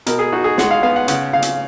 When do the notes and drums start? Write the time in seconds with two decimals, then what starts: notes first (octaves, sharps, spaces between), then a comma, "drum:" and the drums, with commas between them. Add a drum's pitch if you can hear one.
0.06 B2 A#4, drum: hi-hat
0.19 G#4
0.33 D#4 F#4
0.44 G#4
0.58 G#3 F#5, drum: snare
0.71 F5
0.83 B3 F5
0.96 F#5
1.08 C#3 F#5, drum: hi-hat
1.33 C#3 F5
1.42 drum: hi-hat